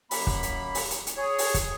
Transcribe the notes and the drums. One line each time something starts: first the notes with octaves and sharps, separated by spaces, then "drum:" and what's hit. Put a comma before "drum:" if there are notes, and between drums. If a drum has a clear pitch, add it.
F#2 A#3 B5, drum: open hi-hat
drum: kick
drum: hi-hat
drum: open hi-hat
drum: hi-hat
drum: hi-hat
G#4 C#5
drum: open hi-hat
drum: kick, hi-hat